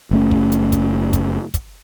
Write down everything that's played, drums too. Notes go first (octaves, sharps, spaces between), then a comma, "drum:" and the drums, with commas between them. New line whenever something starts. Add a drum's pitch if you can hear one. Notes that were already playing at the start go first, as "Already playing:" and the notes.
F#1 A3 C#4
drum: kick
drum: hi-hat
drum: kick, hi-hat
drum: kick, hi-hat
drum: kick, hi-hat